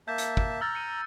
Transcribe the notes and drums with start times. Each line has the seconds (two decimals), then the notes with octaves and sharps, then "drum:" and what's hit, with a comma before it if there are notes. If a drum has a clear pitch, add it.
0.08 A#3 E5 A5 G6
0.18 drum: hi-hat
0.37 drum: kick
0.61 A#5 E6 F6 A6
0.75 C#7 D#7